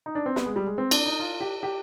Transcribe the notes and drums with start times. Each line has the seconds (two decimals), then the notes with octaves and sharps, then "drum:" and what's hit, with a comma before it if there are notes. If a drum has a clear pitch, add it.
0.06 D#4
0.15 D4
0.26 C4
0.36 B3, drum: snare
0.46 G#3
0.56 G3
0.67 G#3
0.78 C4
0.91 D4, drum: cymbal
1.06 D#4
1.20 F4
1.41 G4
1.63 G4